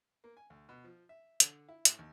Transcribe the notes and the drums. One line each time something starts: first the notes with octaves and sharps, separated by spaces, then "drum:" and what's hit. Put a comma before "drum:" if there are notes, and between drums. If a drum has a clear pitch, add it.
A#3
G#5
D2
B2
F3
E5
D3, drum: hi-hat
E4
A2, drum: hi-hat
D#2